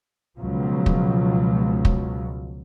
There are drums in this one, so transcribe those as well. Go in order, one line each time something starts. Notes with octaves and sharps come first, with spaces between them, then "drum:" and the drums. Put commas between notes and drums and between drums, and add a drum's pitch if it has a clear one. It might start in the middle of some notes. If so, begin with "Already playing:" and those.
C#2 B2 F3 F#3
drum: kick
drum: kick